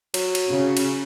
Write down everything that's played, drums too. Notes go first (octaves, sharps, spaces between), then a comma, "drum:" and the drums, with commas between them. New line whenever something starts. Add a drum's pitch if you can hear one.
F#3, drum: cymbal
drum: cymbal
C#3
drum: cymbal